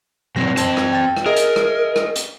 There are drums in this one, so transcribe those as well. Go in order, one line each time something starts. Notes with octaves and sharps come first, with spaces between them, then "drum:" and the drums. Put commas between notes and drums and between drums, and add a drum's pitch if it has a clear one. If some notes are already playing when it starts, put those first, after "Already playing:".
B2 F#3 C4 A#6
C4 C5 A5, drum: hi-hat
drum: rim click
G5 A6
drum: rim click
G#4 A#4 D#5 E5
drum: hi-hat
drum: rim click
drum: rim click
drum: hi-hat